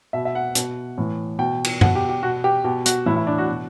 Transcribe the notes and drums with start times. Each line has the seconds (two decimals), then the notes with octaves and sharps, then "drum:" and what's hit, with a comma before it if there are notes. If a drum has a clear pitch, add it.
0.13 B2 E5
0.25 E5
0.35 F#5
0.55 B2, drum: hi-hat
0.98 A2 E3
1.39 B2 G5
1.64 drum: cymbal
1.81 B2 F#5, drum: tom G2
1.95 G4
2.09 G4
2.23 B2 F#4
2.44 G4
2.64 B2 G4
2.86 F#4, drum: hi-hat
3.06 A2 E3 E4
3.16 E4
3.27 D4
3.38 F#4
3.48 B2